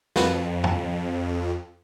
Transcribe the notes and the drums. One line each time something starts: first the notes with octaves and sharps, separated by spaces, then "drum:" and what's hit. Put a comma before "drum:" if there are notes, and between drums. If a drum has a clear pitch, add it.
F2 F4 F#4 B4, drum: snare
drum: tom F2